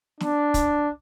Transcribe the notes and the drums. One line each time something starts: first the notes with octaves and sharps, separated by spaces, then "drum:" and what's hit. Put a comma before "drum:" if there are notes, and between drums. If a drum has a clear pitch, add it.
D4, drum: snare
drum: kick, hi-hat